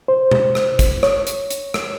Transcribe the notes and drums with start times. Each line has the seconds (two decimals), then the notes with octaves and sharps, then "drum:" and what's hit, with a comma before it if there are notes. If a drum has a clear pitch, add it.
0.08 C5
0.31 drum: tom B2
0.55 drum: rim click
0.79 drum: kick, hi-hat
1.03 C#5, drum: rim click
1.27 drum: hi-hat
1.51 drum: hi-hat
1.74 drum: rim click